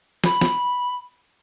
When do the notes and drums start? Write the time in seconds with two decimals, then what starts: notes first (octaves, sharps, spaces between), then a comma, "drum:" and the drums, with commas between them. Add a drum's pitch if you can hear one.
0.24 B5, drum: snare
0.41 drum: snare